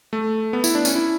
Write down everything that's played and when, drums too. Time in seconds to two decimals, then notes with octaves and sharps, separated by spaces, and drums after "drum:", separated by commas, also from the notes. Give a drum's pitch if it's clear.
0.13 A3
0.53 B3
0.64 E4, drum: tambourine
0.75 D4
0.85 C#4, drum: tambourine
0.95 E4